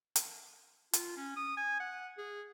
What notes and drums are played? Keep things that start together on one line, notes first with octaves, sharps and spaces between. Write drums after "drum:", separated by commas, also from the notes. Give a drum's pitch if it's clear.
drum: hi-hat
F4, drum: hi-hat
C#4
D#6
G#5
F#5
G#4